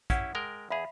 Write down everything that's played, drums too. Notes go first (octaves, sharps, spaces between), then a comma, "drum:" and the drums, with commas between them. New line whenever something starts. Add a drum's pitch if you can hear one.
C#4 E4 G4 F#5, drum: kick, hi-hat
G#3 A#4 G5
E2 G#4 E5 F5 B5